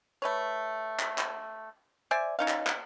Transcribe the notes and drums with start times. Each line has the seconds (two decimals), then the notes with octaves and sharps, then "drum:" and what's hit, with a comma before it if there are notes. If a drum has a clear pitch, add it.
0.22 A3 B4 C#5
0.99 drum: clap
1.18 drum: clap
2.11 C5 D5 E5 G#5
2.39 C#4 D#4 F5
2.48 drum: clap
2.67 drum: clap